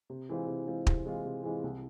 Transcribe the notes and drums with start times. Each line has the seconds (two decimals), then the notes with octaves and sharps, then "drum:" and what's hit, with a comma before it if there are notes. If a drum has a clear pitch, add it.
0.10 C3
0.29 E3 G#3 C4 F4
0.47 C3
0.67 E3 G#3 C4 F4
0.87 C3, drum: kick
1.06 E3 G#3 C4 F4
1.25 C3
1.43 E3 G#3 C4 F4
1.63 C2